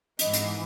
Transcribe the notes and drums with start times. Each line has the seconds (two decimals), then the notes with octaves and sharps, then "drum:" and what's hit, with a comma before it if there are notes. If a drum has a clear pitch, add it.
0.19 G#2 E3 D#5, drum: hi-hat
0.33 drum: hi-hat